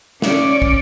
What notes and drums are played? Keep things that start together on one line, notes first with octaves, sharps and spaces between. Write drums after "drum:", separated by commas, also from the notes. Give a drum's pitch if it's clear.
C#4 D5, drum: snare
drum: kick